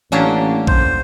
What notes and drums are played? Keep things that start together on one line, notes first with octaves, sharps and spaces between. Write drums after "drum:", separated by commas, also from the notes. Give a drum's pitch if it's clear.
A1 F#3 A#3 C#4 D4 G4
C5, drum: kick